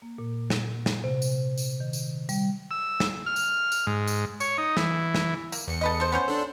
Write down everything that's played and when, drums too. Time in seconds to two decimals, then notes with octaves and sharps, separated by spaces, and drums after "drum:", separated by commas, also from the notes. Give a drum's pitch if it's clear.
0.02 A#3
0.18 A#2
0.50 drum: snare
0.86 drum: snare
1.04 C3
1.22 drum: tambourine
1.57 drum: tambourine
1.80 D#3
1.93 drum: tambourine
2.29 G3, drum: tambourine
2.71 E6
3.00 drum: snare
3.26 F6
3.36 drum: tambourine
3.72 drum: tambourine
3.87 G#2
4.07 drum: tambourine
4.40 C#5, drum: tambourine
4.58 D#4
4.77 E3, drum: snare
5.15 drum: snare
5.52 A#3, drum: tambourine
5.68 E2 C#7
5.81 A4 B4 D#5
6.00 A4 C5
6.12 B3 C#4 C5
6.28 D4 A4